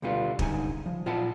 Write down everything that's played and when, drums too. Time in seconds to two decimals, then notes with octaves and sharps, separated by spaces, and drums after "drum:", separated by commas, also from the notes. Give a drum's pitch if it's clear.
0.02 D2 B2 D3 G3 F4 B4
0.39 C#2 G2 D3 D#4 G#5, drum: kick
0.86 F3
1.06 A#2 F4 D#5 F#5 A5 B5